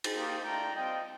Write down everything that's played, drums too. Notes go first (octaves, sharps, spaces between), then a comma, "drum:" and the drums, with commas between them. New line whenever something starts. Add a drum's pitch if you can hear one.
drum: cymbal
A#3 D#4 G4 C5 D#5
A3 D4 F4 G5 A#5
G3 C4 F4 D#5 G5